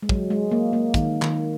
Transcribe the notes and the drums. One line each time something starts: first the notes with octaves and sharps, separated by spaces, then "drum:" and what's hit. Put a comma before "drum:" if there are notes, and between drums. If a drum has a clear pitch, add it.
G#3
F#3, drum: kick
G#3
A#3
A#3
D#3, drum: kick, hi-hat
D#3, drum: clap